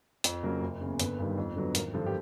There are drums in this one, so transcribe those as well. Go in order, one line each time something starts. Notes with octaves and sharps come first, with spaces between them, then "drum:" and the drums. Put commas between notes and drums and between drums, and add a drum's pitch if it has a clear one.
F2, drum: hi-hat
C#3 F#3 A#3
F#1
E2 C#3
G1 B4, drum: hi-hat
G2 D#3 G3
F2
D3 F#3 B3
G#1 A#4, drum: hi-hat
G2 D3 F3 A4
G4